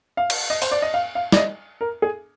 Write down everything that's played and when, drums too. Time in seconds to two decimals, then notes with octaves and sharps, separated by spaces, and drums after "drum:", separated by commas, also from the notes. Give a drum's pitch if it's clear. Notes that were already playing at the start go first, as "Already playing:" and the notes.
0.17 F5
0.30 drum: cymbal
0.50 D#5
0.62 C5, drum: open hi-hat
0.72 D5
0.82 D#5
0.94 F5
1.15 F5
1.32 D5, drum: snare
1.37 D#5
1.81 A#4
2.02 G#4